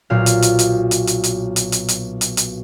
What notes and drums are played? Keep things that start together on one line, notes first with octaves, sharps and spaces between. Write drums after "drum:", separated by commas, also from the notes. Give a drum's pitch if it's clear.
B1 A#2 F5
drum: hi-hat
drum: hi-hat
drum: hi-hat
drum: hi-hat
drum: hi-hat
drum: hi-hat
drum: hi-hat
drum: hi-hat
drum: hi-hat
drum: hi-hat
drum: hi-hat